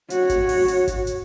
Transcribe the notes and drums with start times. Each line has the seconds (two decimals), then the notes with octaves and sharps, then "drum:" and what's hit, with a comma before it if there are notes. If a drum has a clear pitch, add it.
0.10 F#4 C#5, drum: hi-hat
0.30 drum: kick G#1, hi-hat
0.49 drum: open hi-hat
0.68 drum: hi-hat
0.88 drum: kick G#1, hi-hat
1.07 drum: hi-hat